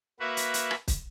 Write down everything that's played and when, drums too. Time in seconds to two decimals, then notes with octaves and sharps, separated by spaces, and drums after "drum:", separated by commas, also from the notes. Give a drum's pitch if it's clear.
0.20 A#3 F#4 B4 E5
0.37 drum: hi-hat
0.54 drum: hi-hat
0.71 drum: rim click
0.88 drum: kick, hi-hat